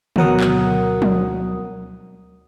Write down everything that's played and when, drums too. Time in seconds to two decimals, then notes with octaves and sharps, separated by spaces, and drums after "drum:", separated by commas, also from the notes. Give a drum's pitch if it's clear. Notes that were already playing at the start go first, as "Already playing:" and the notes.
0.16 D2 B2 F#3 A#4 F#5 D#6, drum: tom D3
0.40 drum: clap
1.02 drum: tom